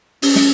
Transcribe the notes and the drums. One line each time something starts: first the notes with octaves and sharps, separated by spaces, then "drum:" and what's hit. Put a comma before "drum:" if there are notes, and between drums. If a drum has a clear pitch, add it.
C#4, drum: open hi-hat
drum: snare